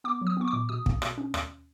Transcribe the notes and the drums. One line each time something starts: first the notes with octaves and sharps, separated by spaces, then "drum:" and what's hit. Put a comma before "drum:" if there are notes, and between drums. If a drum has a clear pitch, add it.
B3 D6
F#3
D#6
B3 C#6
D6
A#2
B2 D#6
A#3, drum: kick
B2, drum: rim click
C#4
D#2, drum: rim click